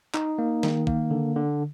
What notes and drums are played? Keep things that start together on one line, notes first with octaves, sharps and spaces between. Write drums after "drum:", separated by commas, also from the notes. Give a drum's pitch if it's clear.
D#4, drum: clap
A#3
D#3, drum: snare
A#3, drum: kick
D3
D3